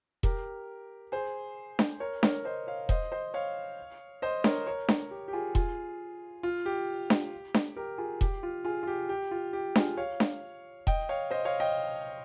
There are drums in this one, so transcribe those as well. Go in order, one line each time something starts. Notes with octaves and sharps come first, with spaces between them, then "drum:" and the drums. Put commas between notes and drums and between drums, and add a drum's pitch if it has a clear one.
G4 A#4, drum: kick E1
G#4 C5
drum: snare D4
A#4 C#5
A#4 C#5, drum: snare D4
C5 D#5
C#5 F5
C5 D#5, drum: kick E1
C5 D#5
C#5 F5
C5 D#5
A#4 C#5, drum: snare D4
A#4 C#5
A#4 C#5, drum: snare D4
G4
G4
F4 G#4
F4 G#4, drum: kick E1
F4
G4
drum: snare D4
drum: snare D4
G4 A#4
F4 G#4
G4, drum: kick E1
F4
F4 G#4
F4
G4
G4
F4
G4
F4 G#4, drum: snare D4
C#5 F5
drum: snare D4
D#5 G5, drum: kick E1
C#5 F5
C5 D#5
C#5 F5
D#5 G5